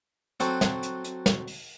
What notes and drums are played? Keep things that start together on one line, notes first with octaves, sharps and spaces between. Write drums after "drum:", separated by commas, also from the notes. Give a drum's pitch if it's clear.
F#3 C4 F#4 A4, drum: hi-hat
drum: snare
drum: hi-hat
drum: hi-hat
drum: snare
drum: open hi-hat